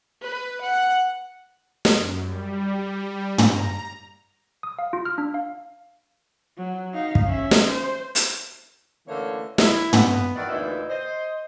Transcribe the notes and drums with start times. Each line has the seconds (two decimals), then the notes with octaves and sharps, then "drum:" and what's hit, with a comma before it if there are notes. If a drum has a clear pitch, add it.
0.22 B4
0.61 F#5
1.85 F#2, drum: snare
2.25 G3
3.38 A#5, drum: tom
4.63 D#6
4.79 F5
4.93 F4
5.05 F6
5.18 D4
5.34 F5
6.58 F#3
6.94 D#4 F5
7.15 drum: kick
7.27 C#4 E5
7.51 drum: snare
7.67 C5
8.15 drum: hi-hat
9.08 D3 E3 A3 A#3 C#4 C#5
9.58 E4, drum: snare
9.93 B3, drum: tom
10.36 D#3 E3 D#4 F#4 D5
10.50 D2 A#2 E3 D#4 E4 E5
10.89 C5 D#5